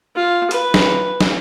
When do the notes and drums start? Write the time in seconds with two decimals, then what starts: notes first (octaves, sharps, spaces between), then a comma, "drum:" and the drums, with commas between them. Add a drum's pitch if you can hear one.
0.16 F4
0.51 B4, drum: hi-hat
0.74 drum: snare
1.21 drum: snare